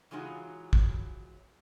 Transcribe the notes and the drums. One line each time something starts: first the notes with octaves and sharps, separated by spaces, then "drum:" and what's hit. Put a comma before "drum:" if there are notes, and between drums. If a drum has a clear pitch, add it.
C#3 E3 F#3 G#3 D#4 F4
drum: kick